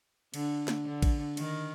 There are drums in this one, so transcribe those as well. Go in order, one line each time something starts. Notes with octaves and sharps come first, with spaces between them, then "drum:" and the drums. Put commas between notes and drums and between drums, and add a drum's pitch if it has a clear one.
D3, drum: cymbal
drum: snare
D3
drum: kick A1, cymbal
D#3, drum: cymbal